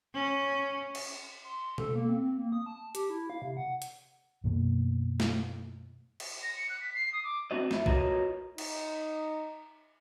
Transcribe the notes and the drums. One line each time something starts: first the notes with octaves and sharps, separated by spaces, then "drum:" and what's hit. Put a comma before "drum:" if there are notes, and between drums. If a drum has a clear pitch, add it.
C#4
drum: cymbal
C6
A4, drum: tom B2
A#3
C4
A#3
D#6
A5
G4, drum: hi-hat
E4
F5
C3
F#5
drum: hi-hat
F#2 B2 D#3 A#3
drum: snare
drum: cymbal
A#6
C#7
F#6
B6
C7
D#6
D6
C4 D4 F#4 C5 D#5
F#2 E4, drum: snare
F4 F#4 A#4 B4 C#5 D#5, drum: kick
D#4, drum: cymbal